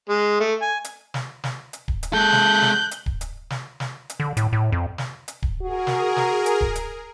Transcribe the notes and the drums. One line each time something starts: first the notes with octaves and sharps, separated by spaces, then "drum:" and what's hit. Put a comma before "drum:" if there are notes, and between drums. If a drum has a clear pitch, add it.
G#3
A3
G#5
drum: hi-hat
drum: snare
drum: snare
drum: hi-hat
drum: kick D1
drum: hi-hat
G#3 A4 F#6 G6
drum: snare
drum: snare
drum: hi-hat
drum: kick D1
drum: hi-hat
drum: snare
drum: snare
drum: hi-hat
D3
A2, drum: hi-hat
A2
F2
drum: snare
drum: hi-hat
drum: kick D1
F#4 G#4 A#4
drum: snare
drum: snare
drum: hi-hat
drum: kick D1
drum: hi-hat